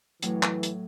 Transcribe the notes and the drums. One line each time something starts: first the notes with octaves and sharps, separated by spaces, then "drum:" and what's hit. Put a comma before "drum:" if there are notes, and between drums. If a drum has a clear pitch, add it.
A2 E3 F#3, drum: hi-hat
drum: clap
drum: hi-hat